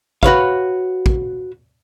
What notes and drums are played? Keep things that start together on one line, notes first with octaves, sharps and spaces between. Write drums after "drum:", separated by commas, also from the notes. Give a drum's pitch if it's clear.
F#4 B4 C#5 F5, drum: kick
drum: kick